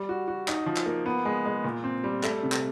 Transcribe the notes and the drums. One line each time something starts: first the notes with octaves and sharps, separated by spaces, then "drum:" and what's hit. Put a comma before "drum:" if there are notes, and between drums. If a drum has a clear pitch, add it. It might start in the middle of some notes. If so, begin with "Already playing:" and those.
Already playing: G3
F#4
F#4
D#4, drum: clap
F3
drum: clap
A#3
B3
G#3
G#3
A#2
C4
G3
A3, drum: clap
C3
drum: clap